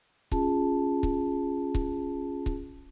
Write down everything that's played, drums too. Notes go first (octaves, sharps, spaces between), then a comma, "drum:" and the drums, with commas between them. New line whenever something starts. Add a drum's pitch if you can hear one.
C#4 F4 G#4 A5, drum: kick C#1
drum: kick C#1
drum: kick C#1
drum: kick C#1